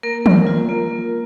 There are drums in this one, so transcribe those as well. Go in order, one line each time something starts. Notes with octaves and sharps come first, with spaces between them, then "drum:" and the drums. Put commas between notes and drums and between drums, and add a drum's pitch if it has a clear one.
A#3 A#4
F4, drum: tom
F4
A#3
A#3